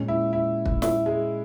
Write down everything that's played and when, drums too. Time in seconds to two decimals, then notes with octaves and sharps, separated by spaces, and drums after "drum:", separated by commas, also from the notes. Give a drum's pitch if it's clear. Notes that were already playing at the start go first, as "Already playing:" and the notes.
Already playing: A#2 G#3 C#4
0.08 E4
0.33 E4
0.66 drum: kick
0.82 E4, drum: snare
1.06 G#3